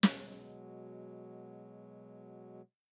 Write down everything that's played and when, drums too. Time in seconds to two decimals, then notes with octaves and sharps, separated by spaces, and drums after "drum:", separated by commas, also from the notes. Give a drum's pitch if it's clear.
0.03 B2 F#3 G#3, drum: snare